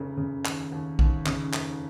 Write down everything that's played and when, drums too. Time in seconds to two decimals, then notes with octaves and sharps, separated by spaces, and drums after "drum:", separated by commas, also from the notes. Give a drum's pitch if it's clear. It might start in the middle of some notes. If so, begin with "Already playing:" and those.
Already playing: F1 C#3
0.17 C#3
0.45 D#2, drum: clap
0.72 D#2
0.99 D#2, drum: kick A#1
1.26 C#3, drum: clap
1.53 F1, drum: clap